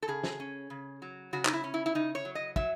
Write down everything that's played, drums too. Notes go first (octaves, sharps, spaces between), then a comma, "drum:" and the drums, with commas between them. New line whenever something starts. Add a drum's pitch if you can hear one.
A4
C#3 G#4
drum: snare
C#4
C#3
F#3
C#3 F#4
D#4, drum: clap
E4
C#4
E4
E4
C#3 D#4
C#5
F#3
D#5
F#3 E5, drum: kick